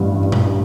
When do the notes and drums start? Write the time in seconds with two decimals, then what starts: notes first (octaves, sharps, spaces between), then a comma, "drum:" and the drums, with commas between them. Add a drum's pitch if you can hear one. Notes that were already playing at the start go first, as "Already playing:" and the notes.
Already playing: A1 G2
0.32 drum: tom A#2